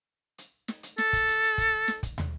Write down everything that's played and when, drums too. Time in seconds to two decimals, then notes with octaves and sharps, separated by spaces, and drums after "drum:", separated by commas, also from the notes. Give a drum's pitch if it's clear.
0.38 drum: hi-hat
0.68 drum: snare
0.83 drum: hi-hat
0.98 A4, drum: snare
1.13 drum: kick, hi-hat
1.28 drum: hi-hat
1.43 drum: hi-hat
1.58 drum: kick, hi-hat
1.88 drum: snare
2.03 drum: kick, hi-hat
2.18 drum: tom